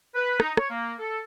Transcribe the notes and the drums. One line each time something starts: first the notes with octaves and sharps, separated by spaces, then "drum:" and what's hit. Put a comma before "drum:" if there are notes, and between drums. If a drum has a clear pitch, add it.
B4
D#4, drum: rim click
C#5, drum: rim click
A#3
A4